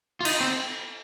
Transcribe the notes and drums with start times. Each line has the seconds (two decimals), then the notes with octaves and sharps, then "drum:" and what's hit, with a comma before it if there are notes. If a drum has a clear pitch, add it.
0.21 F4
0.25 D#4, drum: cymbal
0.40 C4